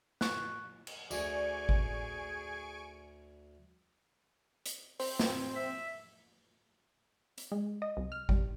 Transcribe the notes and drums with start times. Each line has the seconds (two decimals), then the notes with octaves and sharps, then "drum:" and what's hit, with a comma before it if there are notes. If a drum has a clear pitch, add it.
0.21 C#6 F#6, drum: snare
0.87 drum: cymbal
1.11 D2 G#4 D5 G#5 C#6 D7, drum: tambourine
1.69 drum: kick G#1
4.66 drum: hi-hat
5.00 C4, drum: open hi-hat
5.19 drum: snare
5.55 E5
7.38 drum: hi-hat
7.52 G#3
7.82 D#5
7.97 C2
8.12 F6
8.29 G3, drum: kick G#1